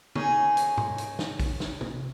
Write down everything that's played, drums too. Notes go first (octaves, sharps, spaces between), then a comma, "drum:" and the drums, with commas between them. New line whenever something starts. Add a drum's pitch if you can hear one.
C#4 D#4 G#4, drum: tom
drum: hi-hat
drum: tom G#2
drum: hi-hat
drum: snare
drum: kick, open hi-hat
drum: snare
drum: tom